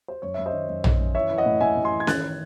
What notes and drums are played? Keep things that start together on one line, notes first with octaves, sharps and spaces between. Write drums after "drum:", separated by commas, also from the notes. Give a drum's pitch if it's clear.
C5
F#2 C#5
F#2 E5
C5 D#5
D#3
F#2
D#3, drum: tom A#1
F#2
E3 C#5 E5
E3
D#5 F#5
A2
A2 E5 G#5
A2
G#5 C6
E3
G#6
D#3 F#6 A6, drum: snare C#4